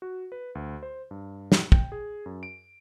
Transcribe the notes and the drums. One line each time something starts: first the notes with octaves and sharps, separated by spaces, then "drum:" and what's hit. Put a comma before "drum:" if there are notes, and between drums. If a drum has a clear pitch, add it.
F#4
B4
D2
C5
G2
drum: snare
G5, drum: kick
G#4
F#2
D7